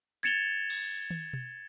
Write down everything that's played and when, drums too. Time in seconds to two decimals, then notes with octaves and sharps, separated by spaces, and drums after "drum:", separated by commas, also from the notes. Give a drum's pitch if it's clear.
0.23 G#6 A6 C#7 E7 F7 G7
0.70 drum: cymbal
1.10 drum: tom
1.33 drum: tom B2